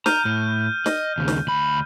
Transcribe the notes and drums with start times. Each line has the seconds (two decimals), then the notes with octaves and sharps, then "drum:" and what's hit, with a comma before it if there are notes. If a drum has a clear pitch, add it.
0.06 A#5 F6 G6 D#7, drum: snare
0.25 A2
0.86 D#5, drum: snare
1.18 D#2 C#3
1.28 drum: snare
1.47 D2 B5